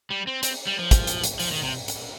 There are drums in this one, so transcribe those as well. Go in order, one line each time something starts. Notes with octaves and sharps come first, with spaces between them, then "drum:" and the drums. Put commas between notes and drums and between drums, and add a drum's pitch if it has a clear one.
G3
C4
C4, drum: hi-hat
G3
F3
drum: kick, hi-hat
drum: hi-hat
drum: hi-hat
F3, drum: open hi-hat
D#3
C3
drum: hi-hat